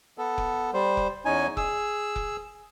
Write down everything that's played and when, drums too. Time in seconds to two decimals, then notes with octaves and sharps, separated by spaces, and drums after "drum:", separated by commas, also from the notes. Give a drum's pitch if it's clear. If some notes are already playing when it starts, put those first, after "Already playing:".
0.18 B3 A4
0.38 drum: kick F1
0.74 G3 C5
0.97 drum: kick F1
1.25 E2 C#4 D#4 G#5
1.57 G#4 E6, drum: kick F1
2.16 drum: kick F1